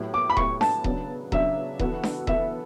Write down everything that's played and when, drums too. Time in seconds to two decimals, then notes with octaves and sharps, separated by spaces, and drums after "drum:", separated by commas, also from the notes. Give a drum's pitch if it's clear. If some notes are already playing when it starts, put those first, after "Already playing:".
Already playing: A2 F#3 B3 E4 G4
0.14 D6
0.30 B5
0.37 A2 F#3 B3 E4 G4 C#6, drum: kick D#1
0.61 A5, drum: snare D4
0.84 C#3 F#3 B3 D4, drum: kick D#1
1.32 C#3 F#3 B3 D4 E5, drum: kick D#1
1.80 E3 B3 F#4 A4, drum: kick D#1
2.03 drum: snare D4
2.27 E3 B3 F#4 A4 E5, drum: kick D#1